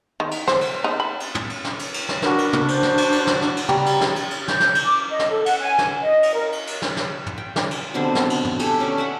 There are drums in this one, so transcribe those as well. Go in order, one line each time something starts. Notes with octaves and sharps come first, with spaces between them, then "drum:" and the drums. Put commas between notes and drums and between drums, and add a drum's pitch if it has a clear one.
D#3
drum: cymbal
C5, drum: snare
drum: cymbal
D#4
B5
drum: cymbal
drum: tom
drum: cymbal
drum: snare
drum: cymbal
drum: cymbal
drum: snare
D4 F#4 A#4 B4, drum: snare
drum: cymbal
drum: tom
C5, drum: cymbal
drum: snare
drum: cymbal
drum: cymbal
drum: snare
drum: snare
drum: cymbal
G3 A#5, drum: tom
drum: cymbal
drum: snare
drum: cymbal
drum: cymbal
G6, drum: snare
drum: snare
drum: cymbal
D6
D#5
drum: snare
A4
F#5, drum: cymbal
G#5
drum: snare
D#5
drum: cymbal
A#4
drum: cymbal
drum: cymbal
drum: snare
drum: snare
drum: tom
G5
drum: snare
drum: cymbal
B2 D3 G3 C4
drum: snare
drum: cymbal
drum: tom
G4 A4 G#5, drum: cymbal
C#4 D5
D5 E5 F#5